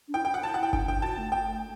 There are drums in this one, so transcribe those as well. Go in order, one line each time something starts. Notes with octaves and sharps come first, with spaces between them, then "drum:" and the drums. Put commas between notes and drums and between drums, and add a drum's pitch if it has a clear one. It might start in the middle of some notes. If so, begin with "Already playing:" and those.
D4
E4 G5
G5
F#5
A5
F#5
G5
D4 G5, drum: kick G1
E4
D4 G5
F#4 A5
A3
G5